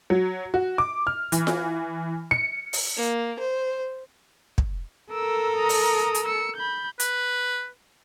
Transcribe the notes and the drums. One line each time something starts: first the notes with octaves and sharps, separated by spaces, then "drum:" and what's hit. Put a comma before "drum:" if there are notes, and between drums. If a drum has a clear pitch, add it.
F#3
F#4
D6
F6
E3, drum: hi-hat
drum: snare F4
C#7
drum: open hi-hat
A#3
C5
drum: kick
A4 A#4 E6
A#5 D#6
drum: open hi-hat
drum: hi-hat
E6 C#7
B5 G6
B4, drum: hi-hat